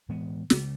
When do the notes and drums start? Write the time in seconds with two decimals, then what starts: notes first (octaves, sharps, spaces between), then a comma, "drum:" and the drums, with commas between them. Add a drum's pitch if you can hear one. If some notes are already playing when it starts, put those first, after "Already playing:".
0.09 A2 E3 G#3 B3
0.50 C#3 G#3, drum: snare